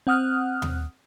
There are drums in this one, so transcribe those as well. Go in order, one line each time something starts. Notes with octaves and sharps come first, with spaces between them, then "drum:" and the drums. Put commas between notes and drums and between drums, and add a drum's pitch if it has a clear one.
C4 F#5 D#6 F6 F#6
drum: tom D#2